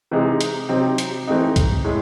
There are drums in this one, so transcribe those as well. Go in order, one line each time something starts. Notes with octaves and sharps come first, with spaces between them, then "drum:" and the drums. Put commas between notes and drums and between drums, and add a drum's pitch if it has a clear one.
C3 E3 G#3 D#4
drum: hi-hat
C3 F#3 C4 D#4
drum: hi-hat
E3 A3 C4 D#4
drum: kick B1, hi-hat
A2 G#3